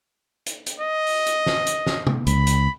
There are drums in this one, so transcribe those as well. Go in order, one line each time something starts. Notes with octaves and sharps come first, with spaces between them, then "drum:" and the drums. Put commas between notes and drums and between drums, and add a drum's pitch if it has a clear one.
drum: hi-hat
drum: hi-hat
D#5
drum: open hi-hat
drum: hi-hat
drum: snare
drum: hi-hat
drum: snare
drum: tom C3
C#2 B5, drum: hi-hat
drum: hi-hat